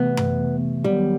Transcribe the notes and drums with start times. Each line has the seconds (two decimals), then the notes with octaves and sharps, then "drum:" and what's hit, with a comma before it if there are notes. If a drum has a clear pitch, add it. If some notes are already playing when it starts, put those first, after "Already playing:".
Already playing: C3 E3 A3 B3
0.17 drum: tom F#2
0.84 D#3 F#3 G3 B3